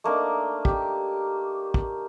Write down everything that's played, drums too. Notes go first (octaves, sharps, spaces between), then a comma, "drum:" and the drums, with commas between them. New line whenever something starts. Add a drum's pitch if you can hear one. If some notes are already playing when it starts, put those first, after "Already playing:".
A3 A#3 D4 D#4
G4, drum: kick
drum: kick